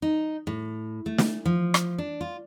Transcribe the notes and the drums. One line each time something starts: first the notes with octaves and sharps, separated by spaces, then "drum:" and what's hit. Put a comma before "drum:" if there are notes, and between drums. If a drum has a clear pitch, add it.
D#4
A2
A3
drum: snare
F3
drum: rim click
D4
F4